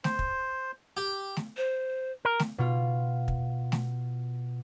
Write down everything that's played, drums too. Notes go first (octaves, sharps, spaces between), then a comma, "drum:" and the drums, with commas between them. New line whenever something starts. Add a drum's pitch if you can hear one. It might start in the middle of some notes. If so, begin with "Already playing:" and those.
C5, drum: snare A3
drum: kick
G4
drum: snare A3
C5
A#4
drum: snare A3
B2 F4
drum: kick
drum: snare A3